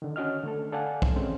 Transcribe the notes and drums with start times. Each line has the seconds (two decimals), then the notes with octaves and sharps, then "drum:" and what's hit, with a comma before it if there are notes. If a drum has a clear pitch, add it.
0.02 D3 D#3
0.16 C#4 F#4 D#5 F6
0.43 D3 A3 A4
0.72 A4 D5 F5 F#5 G#5 A5
1.02 drum: kick
1.16 G#3 C4 C#4